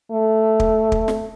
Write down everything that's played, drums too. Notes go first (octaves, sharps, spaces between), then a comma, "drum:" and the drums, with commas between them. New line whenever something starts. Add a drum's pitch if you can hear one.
A3
drum: kick
drum: kick
drum: snare